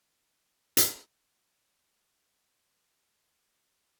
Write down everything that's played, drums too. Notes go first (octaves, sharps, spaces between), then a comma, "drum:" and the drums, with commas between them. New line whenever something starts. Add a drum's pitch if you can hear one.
C#2 D3 A4 D#5 B5
drum: hi-hat
G#1 E2 G2 E4 G#4 A#4 C6 D#6
A1 A3 D#4 A#4 G5 D6